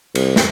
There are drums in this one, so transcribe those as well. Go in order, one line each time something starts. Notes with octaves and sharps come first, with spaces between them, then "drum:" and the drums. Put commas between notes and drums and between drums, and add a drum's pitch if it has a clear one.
C2, drum: cymbal
drum: snare